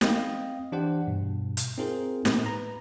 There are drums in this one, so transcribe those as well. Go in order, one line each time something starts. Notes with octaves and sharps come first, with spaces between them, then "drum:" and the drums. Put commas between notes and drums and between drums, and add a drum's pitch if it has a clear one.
C4 D#5 F5 G5, drum: snare
E3 D4 G4 C5 F#5
G2 B2
drum: hi-hat
C4 D#4 F4 G#4 A#4 C5
A2, drum: snare
B4 A#5